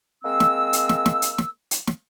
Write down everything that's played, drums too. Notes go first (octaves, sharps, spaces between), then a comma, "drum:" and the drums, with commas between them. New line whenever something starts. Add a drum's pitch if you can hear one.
G#3 A#3 C4 E6
drum: snare
drum: hi-hat
drum: snare
drum: snare
drum: hi-hat
drum: snare
drum: hi-hat
drum: snare